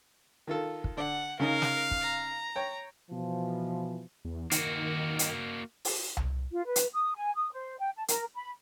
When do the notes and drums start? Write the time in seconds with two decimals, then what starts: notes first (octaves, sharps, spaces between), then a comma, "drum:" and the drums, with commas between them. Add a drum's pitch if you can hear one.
0.47 D#3 F4 A4
0.84 drum: kick
0.97 D3 D5 F#5
1.40 C#3 C#4 D#4 A#4 F5
1.62 drum: snare
1.91 drum: kick
2.01 A#5
2.56 C#5 G5
3.11 B2 E3 F3
4.25 E2
4.51 D#3 A#3 F#4, drum: hi-hat
5.19 drum: hi-hat
5.85 drum: open hi-hat
6.17 drum: tom C2
6.52 F4
6.65 B4
6.76 drum: hi-hat
6.93 D#6
7.16 G#5
7.36 D#6
7.52 C5
7.79 G5
7.96 A5
8.08 A#4, drum: hi-hat
8.35 B5